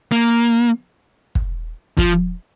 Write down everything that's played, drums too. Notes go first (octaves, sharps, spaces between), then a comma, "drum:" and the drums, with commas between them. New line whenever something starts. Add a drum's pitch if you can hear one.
A#3
drum: kick
F3, drum: kick